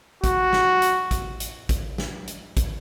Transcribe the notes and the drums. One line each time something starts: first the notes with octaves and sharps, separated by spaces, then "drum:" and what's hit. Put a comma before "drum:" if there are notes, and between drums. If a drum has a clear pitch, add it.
F#4, drum: kick, hi-hat
drum: snare
drum: hi-hat
drum: kick, hi-hat
drum: hi-hat
drum: kick, hi-hat
drum: snare
drum: hi-hat
drum: kick, hi-hat